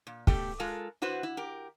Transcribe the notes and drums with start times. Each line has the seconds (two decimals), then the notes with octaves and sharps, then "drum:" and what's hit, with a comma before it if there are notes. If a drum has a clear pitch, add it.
0.07 A#2
0.27 B2 A3 G4, drum: kick
0.60 G#3 F4 A4 A#4
1.02 E4 F#4 B4 C5
1.23 E4
1.37 G4 A#4